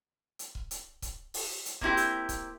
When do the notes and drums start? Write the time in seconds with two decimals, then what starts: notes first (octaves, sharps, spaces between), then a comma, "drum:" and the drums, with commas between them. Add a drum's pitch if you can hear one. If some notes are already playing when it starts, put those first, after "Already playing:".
0.39 drum: hi-hat
0.55 drum: kick C#1
0.71 drum: hi-hat
1.02 drum: kick C#1, hi-hat
1.34 drum: open hi-hat
1.66 drum: hi-hat
1.81 A#3 C4 E4 G4, drum: kick C#1
1.97 drum: hi-hat
2.29 drum: kick C#1, hi-hat